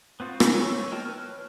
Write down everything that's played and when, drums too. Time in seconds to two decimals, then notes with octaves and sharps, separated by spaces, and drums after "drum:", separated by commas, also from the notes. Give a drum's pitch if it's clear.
0.20 B3 C4 F4 F#4
0.40 C#4 G5 B5, drum: rim click
0.53 E3 C#5 G#5 C#6 E6
0.92 A#4 D#5 G5 A5
1.05 B4 C#5 F6